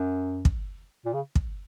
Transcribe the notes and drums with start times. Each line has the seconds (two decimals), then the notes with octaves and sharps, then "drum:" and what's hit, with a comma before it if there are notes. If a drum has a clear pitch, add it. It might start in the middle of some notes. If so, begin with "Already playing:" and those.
Already playing: F#2
0.45 drum: kick
1.05 A#2
1.14 C#3
1.35 drum: kick